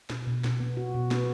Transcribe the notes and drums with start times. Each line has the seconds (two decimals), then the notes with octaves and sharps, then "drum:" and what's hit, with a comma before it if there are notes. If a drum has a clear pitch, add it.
0.10 B2, drum: snare
0.27 B2
0.44 B2, drum: snare
0.60 B3
0.77 F#4
0.94 B2
1.11 B3, drum: snare